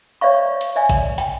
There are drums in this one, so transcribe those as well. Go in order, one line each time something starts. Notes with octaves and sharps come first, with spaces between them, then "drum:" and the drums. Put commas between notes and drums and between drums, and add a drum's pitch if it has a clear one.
C#5 D5 E5 F5 C#6
drum: hi-hat
D5 E5 G#5
drum: kick, hi-hat
G5, drum: hi-hat